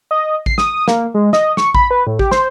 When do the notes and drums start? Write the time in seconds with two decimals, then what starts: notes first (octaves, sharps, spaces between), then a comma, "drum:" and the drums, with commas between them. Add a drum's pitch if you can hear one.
0.11 D#5
0.46 C7, drum: kick A1
0.58 D#6, drum: snare
0.88 A#3, drum: snare
1.14 G#3
1.33 D#5, drum: snare
1.57 C#6, drum: snare
1.75 B5, drum: kick A1
1.91 B4
2.07 A2
2.19 G4, drum: kick A1
2.31 C5, drum: snare